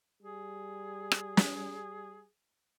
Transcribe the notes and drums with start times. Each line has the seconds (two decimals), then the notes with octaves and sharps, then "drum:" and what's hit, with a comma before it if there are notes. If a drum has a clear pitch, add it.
0.22 G3 G#4
1.12 drum: rim click
1.37 drum: snare